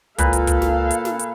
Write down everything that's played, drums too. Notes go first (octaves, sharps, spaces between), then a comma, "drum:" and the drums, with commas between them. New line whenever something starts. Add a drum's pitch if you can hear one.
C#2 A#2 A4 B4 F5, drum: kick, hi-hat
drum: hi-hat
drum: kick, hi-hat
drum: snare
drum: hi-hat
drum: snare
drum: hi-hat